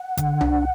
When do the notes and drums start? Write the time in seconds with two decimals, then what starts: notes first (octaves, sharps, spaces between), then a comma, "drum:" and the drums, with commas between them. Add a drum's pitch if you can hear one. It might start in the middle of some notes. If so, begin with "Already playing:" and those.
Already playing: F#5
0.17 D3, drum: kick G#1, hi-hat
0.41 D4, drum: tom C2